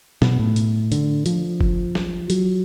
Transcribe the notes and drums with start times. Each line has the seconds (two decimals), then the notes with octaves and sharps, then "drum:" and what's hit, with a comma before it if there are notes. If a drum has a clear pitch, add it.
0.22 B2, drum: snare
0.39 A2
0.56 drum: hi-hat
0.92 D3, drum: hi-hat
1.26 F3, drum: hi-hat
1.61 drum: kick
1.95 drum: snare
2.30 F#3, drum: hi-hat